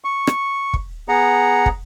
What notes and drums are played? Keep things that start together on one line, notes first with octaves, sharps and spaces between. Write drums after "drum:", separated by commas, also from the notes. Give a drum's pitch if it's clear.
C#6
drum: rim click
drum: kick
B3 G#4 F#5 A#5
drum: kick